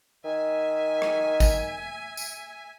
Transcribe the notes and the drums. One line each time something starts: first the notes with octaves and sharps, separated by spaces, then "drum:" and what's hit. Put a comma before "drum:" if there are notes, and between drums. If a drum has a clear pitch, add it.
D#3 E5 G#5
drum: rim click
drum: kick, tambourine
drum: tambourine